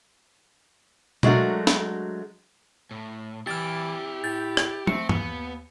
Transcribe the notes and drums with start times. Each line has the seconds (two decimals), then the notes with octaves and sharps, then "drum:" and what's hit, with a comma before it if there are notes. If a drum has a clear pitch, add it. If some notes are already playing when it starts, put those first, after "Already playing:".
1.23 F#3 G#3 A3 D4 F#4 A#4, drum: tom B2
1.67 drum: snare
2.91 A2
3.47 E3 E4 G4 D5 F6 A6
4.24 A2 G6 A6
4.57 drum: rim click
4.87 A3 C4 C#7, drum: tom
5.09 D#2 B3, drum: tom G2